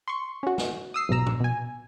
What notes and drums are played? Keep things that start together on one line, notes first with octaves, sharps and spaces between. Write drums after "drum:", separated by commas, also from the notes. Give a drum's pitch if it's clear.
C6 C#6
C#4 F#4
drum: snare
D#6 E6 C7
B1 G#2 B2 A#5 E6
drum: tom A#2
B2 G#5